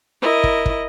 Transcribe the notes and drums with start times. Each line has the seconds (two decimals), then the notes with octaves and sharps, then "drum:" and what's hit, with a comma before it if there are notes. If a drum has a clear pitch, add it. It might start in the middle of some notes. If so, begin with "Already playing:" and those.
0.22 E4 A#4 D#5
0.44 drum: kick
0.66 drum: kick